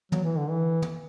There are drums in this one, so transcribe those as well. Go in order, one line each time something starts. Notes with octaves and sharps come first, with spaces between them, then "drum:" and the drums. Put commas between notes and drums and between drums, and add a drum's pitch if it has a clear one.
F#3, drum: tom
E3
D3
E3
drum: tom